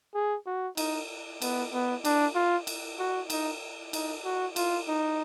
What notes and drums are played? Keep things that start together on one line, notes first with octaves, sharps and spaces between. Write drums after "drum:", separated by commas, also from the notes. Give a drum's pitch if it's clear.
G#4
F#4
D#4, drum: cymbal
B3, drum: cymbal
B3
D4, drum: cymbal
F4
drum: cymbal
F#4
D#4, drum: cymbal
D#4, drum: cymbal
F#4
F4, drum: cymbal
D#4